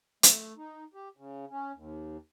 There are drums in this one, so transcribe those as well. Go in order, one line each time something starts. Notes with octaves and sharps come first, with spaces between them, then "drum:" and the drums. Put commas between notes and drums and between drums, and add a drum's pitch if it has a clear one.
A3, drum: hi-hat
D#4
G4
C#3
C#4
D#2